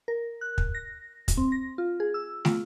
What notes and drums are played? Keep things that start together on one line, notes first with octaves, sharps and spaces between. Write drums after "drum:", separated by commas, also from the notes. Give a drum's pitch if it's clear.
A#4
F#6
drum: kick
A#6
drum: kick, hi-hat
C4
A#6
F4
G#4
E6
F4, drum: snare